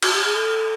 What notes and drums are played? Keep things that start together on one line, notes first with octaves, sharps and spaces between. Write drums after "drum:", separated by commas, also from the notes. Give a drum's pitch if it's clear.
F#4, drum: cymbal
G4
G#4
A4